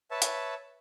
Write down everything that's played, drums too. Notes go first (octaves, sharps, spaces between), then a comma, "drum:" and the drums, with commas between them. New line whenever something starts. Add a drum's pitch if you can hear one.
B4 C#5 E5 A5
drum: hi-hat